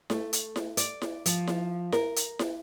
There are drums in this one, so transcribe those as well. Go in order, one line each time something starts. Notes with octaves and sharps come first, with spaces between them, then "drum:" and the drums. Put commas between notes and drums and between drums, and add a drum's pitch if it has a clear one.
A3, drum: snare E4
drum: hi-hat
drum: snare E4
D5, drum: hi-hat
drum: snare E4
F3, drum: hi-hat
drum: snare E4
A#4, drum: snare E4
drum: hi-hat
drum: snare E4